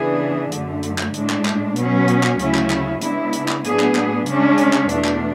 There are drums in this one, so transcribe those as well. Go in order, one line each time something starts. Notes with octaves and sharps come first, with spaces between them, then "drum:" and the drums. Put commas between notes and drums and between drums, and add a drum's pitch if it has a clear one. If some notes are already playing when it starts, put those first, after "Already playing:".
Already playing: C#3 E3 B3 D4 G#4
F#2 D3 A3, drum: hi-hat
drum: hi-hat
drum: clap
A2 G#3 D4, drum: hi-hat
drum: clap
drum: clap
B2 F#3 C#4, drum: hi-hat
drum: hi-hat
drum: clap
D2 C#3 F#3 C#4 E4, drum: hi-hat
drum: clap
drum: clap
C#3 G#3 B3 D4 E4, drum: hi-hat
drum: hi-hat
drum: clap
A2 F#3 B3 D4 G#4, drum: hi-hat
drum: clap
drum: clap
C#3 G#3 C#4 D4, drum: hi-hat
drum: hi-hat
drum: clap
E2 B2 A3 D4, drum: hi-hat
drum: clap